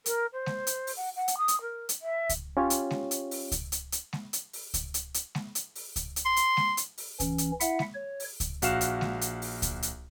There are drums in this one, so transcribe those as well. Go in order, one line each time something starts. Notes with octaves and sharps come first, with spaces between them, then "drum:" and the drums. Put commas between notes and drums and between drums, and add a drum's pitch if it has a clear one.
A#4, drum: hi-hat
C5
drum: snare G#3
drum: hi-hat
drum: open hi-hat
F#5
F#5
drum: hi-hat
D#6
drum: hi-hat
A#4
drum: hi-hat
E5
drum: kick C#2, hi-hat
C#4 F4 G4 C#5
drum: hi-hat
drum: snare G#3
drum: hi-hat
drum: open hi-hat
drum: kick C#2, hi-hat
drum: hi-hat
drum: hi-hat
drum: snare G#3
drum: hi-hat
drum: open hi-hat
drum: kick C#2, hi-hat
drum: hi-hat
drum: hi-hat
drum: snare G#3
drum: hi-hat
drum: open hi-hat
drum: kick C#2, hi-hat
drum: hi-hat
C6
drum: hi-hat
drum: snare G#3
drum: hi-hat
drum: open hi-hat
E3 C#4, drum: kick C#2, hi-hat
drum: hi-hat
E4 E5 F#5, drum: hi-hat
drum: snare G#3
C#5
drum: open hi-hat
drum: kick C#2, hi-hat
A#1 F#4 F5 E7, drum: hi-hat
drum: hi-hat
drum: snare G#3
drum: hi-hat
drum: open hi-hat
drum: kick C#2, hi-hat
drum: hi-hat